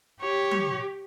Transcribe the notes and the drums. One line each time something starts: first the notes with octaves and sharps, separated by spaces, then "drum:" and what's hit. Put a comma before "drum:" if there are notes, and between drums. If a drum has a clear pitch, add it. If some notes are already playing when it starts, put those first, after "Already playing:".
G4 C#5
drum: tom F#3